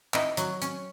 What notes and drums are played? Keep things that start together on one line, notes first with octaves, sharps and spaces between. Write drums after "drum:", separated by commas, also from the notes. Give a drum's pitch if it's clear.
D#4 E4 D#5, drum: clap
F#3, drum: hi-hat
C#4, drum: hi-hat